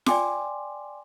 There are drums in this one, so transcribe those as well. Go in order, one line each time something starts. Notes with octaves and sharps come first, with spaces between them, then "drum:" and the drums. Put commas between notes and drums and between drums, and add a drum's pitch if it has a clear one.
D5 G5 G#5 C6 D6, drum: snare F4